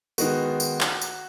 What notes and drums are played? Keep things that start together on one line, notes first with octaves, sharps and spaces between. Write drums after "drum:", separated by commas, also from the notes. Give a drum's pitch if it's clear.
D#3 G#3 B3 F#4, drum: tambourine
drum: tambourine
drum: clap
drum: tambourine